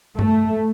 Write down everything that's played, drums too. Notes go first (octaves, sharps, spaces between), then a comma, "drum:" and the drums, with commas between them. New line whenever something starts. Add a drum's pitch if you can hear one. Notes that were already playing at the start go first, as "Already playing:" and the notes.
A3, drum: tom G2